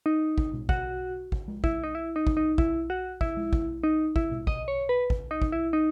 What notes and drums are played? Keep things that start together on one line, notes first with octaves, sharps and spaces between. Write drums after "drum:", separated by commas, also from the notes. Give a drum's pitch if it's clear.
D#4
drum: kick
drum: tom B2
F#4, drum: kick
drum: kick
drum: tom G#3
E4, drum: kick
D#4
E4
D#4
drum: kick
D#4
E4, drum: kick
F#4
E4, drum: kick
drum: tom G#3
drum: kick
D#4
E4, drum: kick
drum: tom B2
D#5, drum: kick
C#5
B4
drum: kick
D#4
drum: kick
E4
D#4